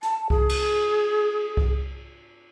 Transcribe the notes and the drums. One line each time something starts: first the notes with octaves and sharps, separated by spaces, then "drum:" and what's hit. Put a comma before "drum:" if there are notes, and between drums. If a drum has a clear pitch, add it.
A5, drum: hi-hat
G#4, drum: kick C2
drum: cymbal
drum: kick C2